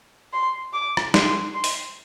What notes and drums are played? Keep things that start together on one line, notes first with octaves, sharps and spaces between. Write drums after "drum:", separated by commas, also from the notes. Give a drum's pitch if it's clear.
C6
D6
drum: rim click
C6, drum: snare
C6
drum: open hi-hat